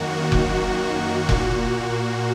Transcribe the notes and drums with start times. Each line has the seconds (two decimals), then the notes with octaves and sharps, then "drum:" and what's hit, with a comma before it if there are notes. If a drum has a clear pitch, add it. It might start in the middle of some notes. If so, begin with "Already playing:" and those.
Already playing: F#2 D#3 A#3 F#4
0.32 drum: kick F1
1.29 A#2 A#3 F#4, drum: kick F1